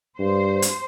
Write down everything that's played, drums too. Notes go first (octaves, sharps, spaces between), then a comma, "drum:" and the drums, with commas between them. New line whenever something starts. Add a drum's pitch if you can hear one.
G2 C5
drum: hi-hat